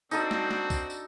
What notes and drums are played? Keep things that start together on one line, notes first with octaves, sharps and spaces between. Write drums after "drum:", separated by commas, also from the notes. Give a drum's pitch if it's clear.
C4 D4 D#4 F#4 A4 D#6, drum: tambourine
drum: snare
drum: snare
drum: kick B1, tambourine
drum: tambourine